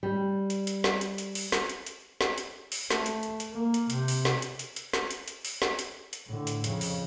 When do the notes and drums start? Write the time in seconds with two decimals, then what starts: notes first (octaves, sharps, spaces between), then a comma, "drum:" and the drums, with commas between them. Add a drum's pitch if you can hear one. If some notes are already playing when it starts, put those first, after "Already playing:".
0.03 G3
0.50 drum: hi-hat
0.67 drum: hi-hat
0.84 drum: snare
1.01 drum: hi-hat
1.18 drum: hi-hat
1.35 drum: open hi-hat
1.52 drum: snare
1.69 drum: hi-hat
1.86 drum: hi-hat
2.21 drum: snare
2.38 drum: hi-hat
2.72 drum: open hi-hat
2.90 A3, drum: snare
3.06 drum: hi-hat
3.23 drum: hi-hat
3.40 drum: hi-hat
3.51 A#3
3.74 drum: hi-hat
3.90 C3, drum: hi-hat
4.08 drum: open hi-hat
4.25 drum: snare
4.42 drum: hi-hat
4.59 drum: hi-hat
4.76 drum: hi-hat
4.93 drum: snare
5.11 drum: hi-hat
5.28 drum: hi-hat
5.45 drum: open hi-hat
5.62 drum: snare
5.79 drum: hi-hat
6.13 drum: hi-hat
6.27 A2 D3
6.47 drum: hi-hat
6.64 F2 C#3, drum: hi-hat
6.81 drum: open hi-hat